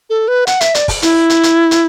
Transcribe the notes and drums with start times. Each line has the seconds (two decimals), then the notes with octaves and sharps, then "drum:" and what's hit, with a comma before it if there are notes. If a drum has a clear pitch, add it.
0.10 A4
0.28 B4
0.47 F#5, drum: hi-hat
0.61 E5, drum: hi-hat
0.75 D5, drum: hi-hat
0.88 drum: kick, open hi-hat
1.02 E4, drum: hi-hat
1.30 drum: hi-hat
1.43 drum: hi-hat
1.71 drum: hi-hat